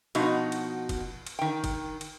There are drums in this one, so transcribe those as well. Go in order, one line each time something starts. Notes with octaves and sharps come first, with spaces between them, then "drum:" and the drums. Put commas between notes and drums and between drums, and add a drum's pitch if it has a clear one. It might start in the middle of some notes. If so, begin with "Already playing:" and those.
B2 F3 D#4 F#4, drum: cymbal
drum: cymbal
drum: kick, cymbal
drum: cymbal
D#3 G5
drum: kick, cymbal
drum: cymbal